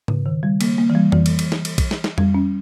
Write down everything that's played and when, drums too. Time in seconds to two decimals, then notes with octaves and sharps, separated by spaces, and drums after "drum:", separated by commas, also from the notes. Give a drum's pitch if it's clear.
0.08 C#3, drum: tom G#2
0.26 D#3
0.43 G3
0.61 A#3, drum: cymbal
0.78 A#3
0.90 E3
0.95 G3
1.12 E3, drum: tom F2
1.26 drum: cymbal
1.39 drum: cymbal
1.52 drum: snare
1.65 drum: cymbal
1.78 drum: kick, cymbal
1.91 drum: snare
2.04 drum: snare
2.18 G3, drum: tom F2
2.35 C#4